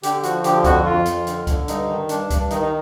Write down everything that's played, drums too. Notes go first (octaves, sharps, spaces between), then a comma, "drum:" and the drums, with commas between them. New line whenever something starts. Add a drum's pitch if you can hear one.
D3 G4, drum: hi-hat
F3 F#4, drum: hi-hat
D3 G4, drum: hi-hat
F2 F#4, drum: kick C#2, hi-hat
F2 F4
F2, drum: hi-hat
D3, drum: hi-hat
D3, drum: kick C#2, hi-hat
G2 D#4, drum: hi-hat
D#3
G2 D4, drum: hi-hat
G2, drum: kick C#2, hi-hat
D#3 D#4, drum: hi-hat
D#4